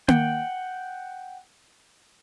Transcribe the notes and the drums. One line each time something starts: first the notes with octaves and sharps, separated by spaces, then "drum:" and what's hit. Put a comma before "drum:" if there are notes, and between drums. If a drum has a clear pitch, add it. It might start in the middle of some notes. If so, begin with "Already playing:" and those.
F#5 G5, drum: tom A#3